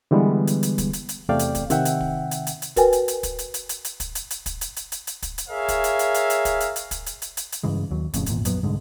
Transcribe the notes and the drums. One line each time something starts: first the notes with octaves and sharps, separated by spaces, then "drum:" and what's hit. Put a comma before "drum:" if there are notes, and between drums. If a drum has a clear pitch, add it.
D3 E3 G3 G#3 B3
drum: hi-hat
drum: hi-hat
drum: kick, hi-hat
drum: hi-hat
drum: hi-hat
E2 C3 A3 D5 F5 G5
drum: hi-hat
drum: kick, hi-hat
C3 D#3 E5 F#5 G5, drum: hi-hat
drum: hi-hat
drum: kick
drum: hi-hat
drum: hi-hat
drum: hi-hat
F#4 A#4 B4 G5 G#5, drum: kick, hi-hat
drum: hi-hat
drum: hi-hat
drum: kick, hi-hat
drum: hi-hat
drum: hi-hat
drum: hi-hat
drum: hi-hat
drum: kick, hi-hat
drum: hi-hat
drum: hi-hat
drum: kick, hi-hat
drum: hi-hat
drum: hi-hat
drum: hi-hat
drum: hi-hat
drum: kick, hi-hat
drum: hi-hat
G#4 A#4 C#5 E5 F5
drum: kick, hi-hat
drum: hi-hat
drum: hi-hat
drum: hi-hat
drum: hi-hat
drum: kick, hi-hat
drum: hi-hat
drum: hi-hat
drum: kick, hi-hat
drum: hi-hat
drum: hi-hat
drum: hi-hat
drum: hi-hat
G2 C#3 E3 G#3
D#2 F#3
D#1 F2 A2 C#3, drum: kick, hi-hat
G#1 E2 A#2, drum: hi-hat
A#1 F#2 F#3 B3, drum: hi-hat
C2 G#2 D3 G#3